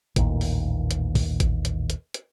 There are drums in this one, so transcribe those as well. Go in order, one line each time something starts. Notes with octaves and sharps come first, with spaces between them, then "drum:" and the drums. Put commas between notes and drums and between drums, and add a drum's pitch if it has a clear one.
A1 D#2 A#2, drum: kick A1, hi-hat
drum: open hi-hat
drum: hi-hat
drum: kick A1, open hi-hat
drum: kick A1, hi-hat
drum: hi-hat
drum: hi-hat
drum: hi-hat